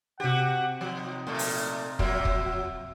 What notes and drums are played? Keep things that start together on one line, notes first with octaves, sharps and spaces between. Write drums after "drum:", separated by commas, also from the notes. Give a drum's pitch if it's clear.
C3 F#4 G4 F#5 A#6
F3 D#4
A#2 A3 G5 D#6 G6
drum: open hi-hat
A#6
F3 F#3 A#3 E5, drum: kick
drum: kick